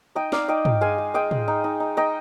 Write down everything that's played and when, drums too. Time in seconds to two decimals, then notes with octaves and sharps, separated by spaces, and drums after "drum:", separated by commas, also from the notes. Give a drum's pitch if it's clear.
0.15 D#4 D#5 G5
0.32 D#4 D5 F5, drum: snare
0.48 D#4 D#5 G5
0.65 D#4, drum: tom
0.81 G#3 F5 G#5
0.98 G#3
1.14 G#3 D#5 G5
1.31 G#3, drum: tom
1.48 D#4
1.64 D#4
1.80 D#4
1.97 D#4 D#5 G5